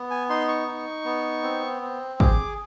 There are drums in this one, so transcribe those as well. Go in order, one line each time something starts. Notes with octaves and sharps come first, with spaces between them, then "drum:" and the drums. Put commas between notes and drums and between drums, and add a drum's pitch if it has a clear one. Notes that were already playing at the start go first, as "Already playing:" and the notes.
Already playing: B3
G#5
D#4 C6
C#6
D#4
B3
C4
C4
G#4 D6, drum: kick